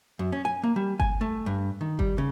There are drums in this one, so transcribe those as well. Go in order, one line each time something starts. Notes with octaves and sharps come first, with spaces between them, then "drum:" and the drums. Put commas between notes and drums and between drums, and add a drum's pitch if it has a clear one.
F#2
C#4
G#5
A#3
G3
G#5, drum: kick G1
A3
G2
D#3
G3, drum: kick G1
C#3